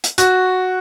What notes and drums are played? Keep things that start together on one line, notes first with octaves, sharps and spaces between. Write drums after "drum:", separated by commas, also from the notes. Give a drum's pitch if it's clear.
drum: hi-hat
F#4, drum: hi-hat